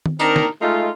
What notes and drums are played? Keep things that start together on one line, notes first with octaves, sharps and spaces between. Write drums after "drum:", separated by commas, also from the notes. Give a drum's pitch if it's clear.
drum: tom D#3
D#3 C4 D4 D#4 A#4, drum: tambourine
drum: snare
G#3 A3 D#4 F4